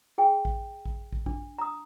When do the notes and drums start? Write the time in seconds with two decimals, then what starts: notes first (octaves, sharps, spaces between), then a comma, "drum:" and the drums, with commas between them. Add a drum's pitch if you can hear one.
0.18 G#4 G5 G#5
0.45 drum: kick
0.85 drum: kick
1.12 drum: kick
1.26 D4, drum: kick
1.58 A#5 D#6